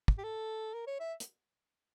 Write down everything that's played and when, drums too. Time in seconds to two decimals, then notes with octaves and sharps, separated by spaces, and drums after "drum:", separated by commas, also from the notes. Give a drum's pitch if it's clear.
0.08 drum: kick
0.18 G4
0.24 A4
0.74 A#4
0.87 C#5
1.00 E5
1.20 drum: hi-hat